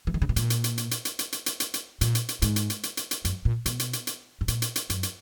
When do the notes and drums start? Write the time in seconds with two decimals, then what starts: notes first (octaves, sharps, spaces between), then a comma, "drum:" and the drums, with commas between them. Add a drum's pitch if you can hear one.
0.07 E3
0.14 D#3
0.22 C#3
0.29 B2
0.36 A#2, drum: hi-hat
0.50 drum: hi-hat
0.64 drum: hi-hat
0.78 drum: hi-hat
0.91 drum: hi-hat
1.05 drum: hi-hat
1.19 drum: hi-hat
1.32 drum: hi-hat
1.46 drum: hi-hat
1.60 drum: hi-hat
1.74 drum: hi-hat
2.01 A#2, drum: hi-hat
2.15 drum: hi-hat
2.29 drum: hi-hat
2.42 G#2, drum: hi-hat
2.56 drum: hi-hat
2.70 drum: hi-hat
2.83 drum: hi-hat
2.97 drum: hi-hat
3.11 drum: hi-hat
3.25 F#2, drum: hi-hat
3.45 A#2
3.66 B2, drum: hi-hat
3.79 drum: hi-hat
3.93 drum: hi-hat
4.07 drum: hi-hat
4.41 G#2
4.48 A#2, drum: hi-hat
4.62 drum: hi-hat
4.76 drum: hi-hat
4.90 F#2, drum: hi-hat
5.03 drum: hi-hat